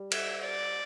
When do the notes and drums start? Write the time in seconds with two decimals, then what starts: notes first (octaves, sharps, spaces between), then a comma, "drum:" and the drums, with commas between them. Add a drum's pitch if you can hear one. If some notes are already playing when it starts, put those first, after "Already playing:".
Already playing: G3
0.12 E5, drum: cymbal
0.41 D5